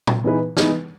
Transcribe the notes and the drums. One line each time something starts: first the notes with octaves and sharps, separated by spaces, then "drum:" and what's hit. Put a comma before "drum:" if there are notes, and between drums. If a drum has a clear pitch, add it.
drum: tom
E3 B3 D#4 G#4 B4
E3 B3 D#4 G#4 B4, drum: snare